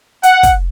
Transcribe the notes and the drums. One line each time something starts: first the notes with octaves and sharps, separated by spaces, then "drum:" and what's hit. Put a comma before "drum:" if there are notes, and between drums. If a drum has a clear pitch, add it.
F#5, drum: hi-hat
drum: kick, hi-hat